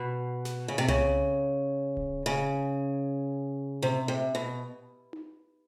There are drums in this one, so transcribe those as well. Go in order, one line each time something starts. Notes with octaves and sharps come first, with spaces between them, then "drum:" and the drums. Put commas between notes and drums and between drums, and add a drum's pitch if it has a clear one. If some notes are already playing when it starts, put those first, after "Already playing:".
Already playing: B2
drum: snare
C#3
C3
C#3, drum: tom C2
drum: kick D1
C#3
C3
C3
B2
drum: tom D#4